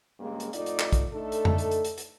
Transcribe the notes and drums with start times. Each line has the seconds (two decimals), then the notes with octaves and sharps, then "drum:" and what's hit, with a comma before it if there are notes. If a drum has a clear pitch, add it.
0.20 G2 C#3 G#3 A#3
0.40 drum: hi-hat
0.53 F2 A2 D#4 F4 D5, drum: hi-hat
0.66 drum: hi-hat
0.79 drum: clap
0.93 drum: kick, hi-hat
1.12 A3 D4 D#4 A4
1.32 drum: hi-hat
1.45 drum: tom F2
1.58 drum: hi-hat
1.71 drum: hi-hat
1.85 drum: hi-hat
1.98 drum: hi-hat